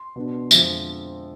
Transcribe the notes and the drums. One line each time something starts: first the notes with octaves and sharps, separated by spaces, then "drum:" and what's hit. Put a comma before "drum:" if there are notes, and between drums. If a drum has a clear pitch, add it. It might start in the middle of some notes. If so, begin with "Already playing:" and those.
Already playing: C6
B2 B3 D4
F2 D3 F3 G#3 E5, drum: tambourine